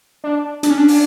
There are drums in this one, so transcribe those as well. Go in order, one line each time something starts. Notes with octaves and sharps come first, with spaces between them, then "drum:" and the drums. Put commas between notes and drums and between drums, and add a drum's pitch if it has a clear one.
D4
D4, drum: hi-hat
C#4
D4
drum: open hi-hat